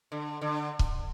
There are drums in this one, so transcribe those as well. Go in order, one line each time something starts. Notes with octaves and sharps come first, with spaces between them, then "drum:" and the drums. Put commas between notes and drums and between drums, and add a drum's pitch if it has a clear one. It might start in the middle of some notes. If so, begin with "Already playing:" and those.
D3
D3
drum: kick C#1